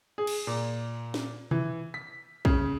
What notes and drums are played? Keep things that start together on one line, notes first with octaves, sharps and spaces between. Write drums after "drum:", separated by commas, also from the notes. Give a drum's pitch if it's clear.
G#4
drum: cymbal
A#2
drum: snare
E3, drum: tom B2
B6
C#3, drum: kick